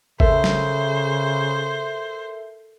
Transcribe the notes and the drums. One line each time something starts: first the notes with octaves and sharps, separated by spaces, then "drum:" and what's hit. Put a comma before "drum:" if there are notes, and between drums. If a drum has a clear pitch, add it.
C#3 A4 A#4 C5 E5, drum: kick G1
drum: snare F#3